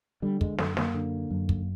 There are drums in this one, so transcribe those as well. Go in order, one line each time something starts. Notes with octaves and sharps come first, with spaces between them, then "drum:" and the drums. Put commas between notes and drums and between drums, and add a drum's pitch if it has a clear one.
D3 G3
G#3, drum: kick
F#2 A3, drum: snare
A#3, drum: snare
D3
F#2
drum: kick